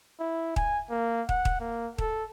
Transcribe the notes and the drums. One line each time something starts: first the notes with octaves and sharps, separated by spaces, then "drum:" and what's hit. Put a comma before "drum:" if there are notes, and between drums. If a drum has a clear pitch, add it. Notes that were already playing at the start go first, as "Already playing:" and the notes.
E4
G#5, drum: kick
A#3
F#5, drum: kick
drum: kick
A#3
A4, drum: kick